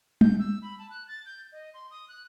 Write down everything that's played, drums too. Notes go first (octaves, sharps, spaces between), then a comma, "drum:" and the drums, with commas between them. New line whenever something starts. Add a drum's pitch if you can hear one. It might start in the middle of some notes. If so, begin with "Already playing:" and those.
G6, drum: tom G3
E6
B5
A5
F#6
A6
G6
D#5
C6
D#6
F#6